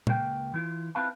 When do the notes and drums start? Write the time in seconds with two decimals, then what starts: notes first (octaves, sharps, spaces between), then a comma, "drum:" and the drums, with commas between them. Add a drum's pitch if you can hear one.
0.07 C#2 A#3 G5, drum: tom A#2
0.54 E3 E4 F4
0.95 C4 E4 F4 B4 F5 A5